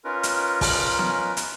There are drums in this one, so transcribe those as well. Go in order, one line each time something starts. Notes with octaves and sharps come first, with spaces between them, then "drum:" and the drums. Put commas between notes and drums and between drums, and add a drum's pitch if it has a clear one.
C#4 D#4 F4 A#4 B4
drum: hi-hat
drum: kick, open hi-hat
drum: snare
drum: hi-hat